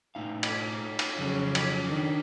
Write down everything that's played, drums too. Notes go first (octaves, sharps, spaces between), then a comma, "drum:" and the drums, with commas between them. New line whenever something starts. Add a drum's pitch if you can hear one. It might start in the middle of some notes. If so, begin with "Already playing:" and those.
A2 D#4 F5
drum: cymbal
drum: cymbal
F2 C#3 F#3
drum: cymbal
D#3 D4